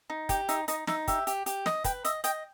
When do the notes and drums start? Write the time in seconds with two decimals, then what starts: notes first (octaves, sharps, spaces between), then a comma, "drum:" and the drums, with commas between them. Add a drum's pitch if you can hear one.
0.10 D#4
0.29 G4 G5, drum: kick, hi-hat
0.49 D#4 E5, drum: hi-hat
0.68 D#4 D#5, drum: hi-hat
0.87 D#4 E5, drum: snare
1.08 G4 E5, drum: kick, hi-hat
1.27 G4, drum: hi-hat
1.46 G4, drum: hi-hat
1.66 D#5, drum: snare
1.84 B4 G5, drum: kick, hi-hat
2.05 D#5 E5, drum: hi-hat
2.24 D#5 G5, drum: hi-hat